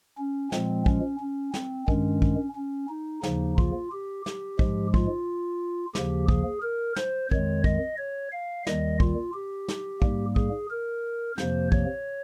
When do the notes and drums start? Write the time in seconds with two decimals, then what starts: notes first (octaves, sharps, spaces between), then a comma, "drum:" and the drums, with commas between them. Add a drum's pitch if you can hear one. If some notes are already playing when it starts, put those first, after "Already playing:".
0.18 C#4
0.52 A#2 F3 G#3 C4, drum: snare
0.86 C#4, drum: kick
1.20 C#4
1.54 C4, drum: snare
1.88 G2 D#3 G#3 C#4, drum: kick
2.22 drum: kick
2.56 C#4
2.89 D#4
3.23 D#2 C#3 F3 A#3 D#4, drum: snare
3.58 F4, drum: kick
3.92 G4
4.26 G4, drum: snare
4.59 G#2 F3 G#3, drum: kick
4.94 F4, drum: kick
5.95 D#2 C#3 F3 A#3 G4, drum: snare
6.28 G#4, drum: kick
6.62 A#4
6.96 C5, drum: snare
7.31 F2 D#3 G#3 C#5, drum: kick
7.64 D#5, drum: kick
7.98 C#5
8.32 F5
8.67 D#2 D#3 G3 D#5, drum: snare
9.00 F4, drum: kick
9.34 G4
9.68 drum: snare
10.02 G#2 G3 A#3, drum: kick
10.36 G#4, drum: kick
10.71 A#4
11.38 F2 C3 F3 A#3 C5, drum: snare
11.72 C#5, drum: kick